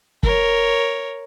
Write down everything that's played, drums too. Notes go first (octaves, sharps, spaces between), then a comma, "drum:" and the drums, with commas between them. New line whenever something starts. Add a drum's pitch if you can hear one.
A#4 C#5, drum: kick